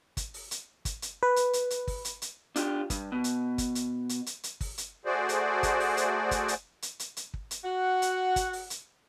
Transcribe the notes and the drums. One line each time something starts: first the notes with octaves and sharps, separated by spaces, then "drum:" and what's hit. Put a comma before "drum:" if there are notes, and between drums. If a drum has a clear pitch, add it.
drum: kick, hi-hat
drum: open hi-hat
drum: hi-hat
drum: kick, hi-hat
drum: hi-hat
B4
drum: hi-hat
drum: hi-hat
drum: hi-hat
drum: kick, open hi-hat
drum: hi-hat
drum: hi-hat
D4 F4 G4, drum: hi-hat
G2, drum: kick, hi-hat
B2
drum: hi-hat
drum: kick, hi-hat
drum: hi-hat
drum: hi-hat
drum: hi-hat
drum: hi-hat
drum: kick, open hi-hat
drum: hi-hat
A3 F#4 G#4 C5 D5
drum: hi-hat
drum: kick, hi-hat
drum: open hi-hat
drum: hi-hat
drum: kick, hi-hat
drum: hi-hat
drum: hi-hat
drum: hi-hat
drum: hi-hat
drum: kick
drum: hi-hat
F#4 F#5
drum: hi-hat
drum: kick, hi-hat
drum: open hi-hat
drum: hi-hat